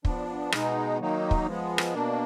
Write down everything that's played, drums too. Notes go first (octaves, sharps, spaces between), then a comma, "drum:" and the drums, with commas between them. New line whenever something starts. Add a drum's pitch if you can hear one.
F3 B3 D4, drum: kick
B2 G#3 B3 D#4, drum: rim click
D#3 F#3 A#3 D#4
drum: kick
F3 G#3 B3
drum: rim click
B2 A#3 D4